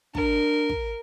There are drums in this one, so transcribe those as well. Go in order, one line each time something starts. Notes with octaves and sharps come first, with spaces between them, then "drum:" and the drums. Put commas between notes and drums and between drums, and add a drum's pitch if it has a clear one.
D4 A#4, drum: kick
drum: kick